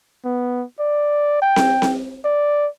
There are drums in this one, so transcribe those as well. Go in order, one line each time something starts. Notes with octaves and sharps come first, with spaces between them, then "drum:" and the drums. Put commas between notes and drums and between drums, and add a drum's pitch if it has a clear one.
B3
D5
G5
drum: snare C4
drum: snare C4
D5